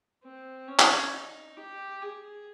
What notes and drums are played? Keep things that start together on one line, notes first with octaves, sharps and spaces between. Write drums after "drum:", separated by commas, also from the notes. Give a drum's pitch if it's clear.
C4
C#4
drum: clap
D#4
G4
G#4